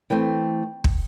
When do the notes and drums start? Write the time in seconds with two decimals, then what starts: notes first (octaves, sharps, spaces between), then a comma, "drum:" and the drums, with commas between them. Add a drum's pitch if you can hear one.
0.10 E3 A3 C4 G5
0.84 drum: kick